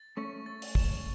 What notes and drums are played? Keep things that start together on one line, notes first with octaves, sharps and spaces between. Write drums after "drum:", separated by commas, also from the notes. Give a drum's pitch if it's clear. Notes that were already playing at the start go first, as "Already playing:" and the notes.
Already playing: A6
A3 C#4 C#6
A6
drum: open hi-hat
E7, drum: kick